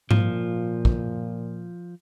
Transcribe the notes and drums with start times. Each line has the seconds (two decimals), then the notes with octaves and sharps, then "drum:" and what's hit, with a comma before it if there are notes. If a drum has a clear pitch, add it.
0.11 A#2 F3, drum: tom G#2
0.85 drum: kick